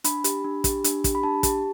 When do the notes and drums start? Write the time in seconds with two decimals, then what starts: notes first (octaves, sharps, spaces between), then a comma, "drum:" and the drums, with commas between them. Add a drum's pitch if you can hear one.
0.04 D4 B5, drum: hi-hat
0.24 G4, drum: hi-hat
0.44 D4
0.64 G4, drum: kick, hi-hat
0.84 D4, drum: hi-hat
1.04 G4, drum: kick, hi-hat
1.15 B5
1.23 D4 A5
1.43 G4, drum: kick, hi-hat